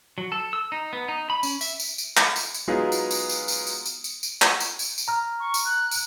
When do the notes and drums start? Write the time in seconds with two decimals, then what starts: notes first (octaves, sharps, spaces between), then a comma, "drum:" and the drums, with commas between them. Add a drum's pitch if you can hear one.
0.18 F#3
0.32 A4
0.53 E6
0.72 D#4
0.93 B3
1.08 D#4
1.30 B5
1.43 C#4, drum: tambourine
1.61 E5, drum: tambourine
1.80 drum: tambourine
1.98 drum: tambourine
2.17 drum: clap
2.36 drum: tambourine
2.54 drum: tambourine
2.68 F#3 G#3 B3 D#4 F4 G#4
2.92 drum: tambourine
3.11 drum: tambourine
3.29 drum: tambourine
3.48 drum: tambourine
3.67 drum: tambourine
3.86 drum: tambourine
4.04 drum: tambourine
4.23 drum: tambourine
4.42 drum: clap
4.60 drum: tambourine
4.79 drum: tambourine
4.98 drum: tambourine
5.08 A#5 F6
5.40 C#6
5.54 drum: tambourine
5.65 F#6
5.91 drum: tambourine